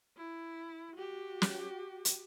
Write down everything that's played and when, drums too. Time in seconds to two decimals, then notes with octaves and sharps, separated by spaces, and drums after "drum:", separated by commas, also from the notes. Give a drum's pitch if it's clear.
0.17 E4
0.96 F#4 G4
1.42 drum: snare
2.05 drum: hi-hat